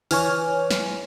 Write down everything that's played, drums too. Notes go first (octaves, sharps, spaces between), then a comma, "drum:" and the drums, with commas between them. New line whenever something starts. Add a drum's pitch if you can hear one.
E3 C#5 G#5 F6, drum: open hi-hat
drum: snare